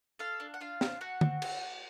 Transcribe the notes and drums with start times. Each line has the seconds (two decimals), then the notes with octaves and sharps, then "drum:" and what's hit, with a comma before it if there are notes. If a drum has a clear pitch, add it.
0.19 F4 A4 F5
0.40 D4
0.54 F#5
0.60 D4 F4 F5
0.81 D4, drum: snare
1.01 A3 F#4 F#5
1.21 C4, drum: tom D3
1.42 C4, drum: cymbal
1.61 A3